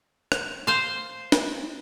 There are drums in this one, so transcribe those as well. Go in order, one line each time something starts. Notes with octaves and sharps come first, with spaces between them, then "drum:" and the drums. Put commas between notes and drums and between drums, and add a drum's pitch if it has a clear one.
drum: rim click
C5 F5
drum: snare